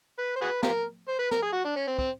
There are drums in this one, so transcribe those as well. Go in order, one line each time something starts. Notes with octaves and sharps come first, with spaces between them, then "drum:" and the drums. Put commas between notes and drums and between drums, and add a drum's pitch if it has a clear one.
B4
C5
F#4 G#4 B4
F4 G4 A#4, drum: snare
C5
B4
A#4, drum: snare
G#4
F#4
D4
C#4
C4
C4, drum: kick